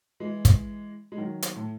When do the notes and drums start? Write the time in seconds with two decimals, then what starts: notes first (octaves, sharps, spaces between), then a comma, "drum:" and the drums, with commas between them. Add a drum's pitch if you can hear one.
0.20 E3 G#3
0.45 drum: kick, hi-hat
1.12 G#3
1.18 D#3 F#3
1.42 drum: hi-hat
1.55 A2